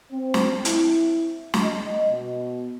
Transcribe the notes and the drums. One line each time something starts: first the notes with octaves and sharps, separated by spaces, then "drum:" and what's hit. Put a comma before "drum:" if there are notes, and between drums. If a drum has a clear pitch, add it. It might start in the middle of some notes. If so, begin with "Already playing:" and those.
C4
drum: snare
E4, drum: hi-hat
drum: snare
D#5
B2